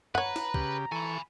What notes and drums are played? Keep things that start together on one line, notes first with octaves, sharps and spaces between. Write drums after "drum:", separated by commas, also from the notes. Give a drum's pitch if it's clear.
B4 C#5 F#5 A#5, drum: tom
drum: snare
C#3 G4, drum: kick
E3 A4 G#5 B5 C#6